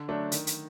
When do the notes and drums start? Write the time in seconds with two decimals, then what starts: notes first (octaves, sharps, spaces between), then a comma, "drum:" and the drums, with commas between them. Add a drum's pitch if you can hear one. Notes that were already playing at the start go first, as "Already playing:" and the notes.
Already playing: D3
0.08 F#3 A3 D4
0.32 D#3, drum: hi-hat
0.47 drum: hi-hat